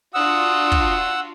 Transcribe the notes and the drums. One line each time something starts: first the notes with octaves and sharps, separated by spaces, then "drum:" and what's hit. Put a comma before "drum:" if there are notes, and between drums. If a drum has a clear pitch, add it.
D4 F4 F#4 F#5 D#6 E6
drum: kick